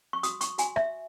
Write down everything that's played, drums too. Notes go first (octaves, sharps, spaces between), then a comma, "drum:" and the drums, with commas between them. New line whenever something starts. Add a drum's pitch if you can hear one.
C#6
F#4 D#6, drum: hi-hat
C#6, drum: hi-hat
F#4 G#5, drum: hi-hat
E5, drum: rim click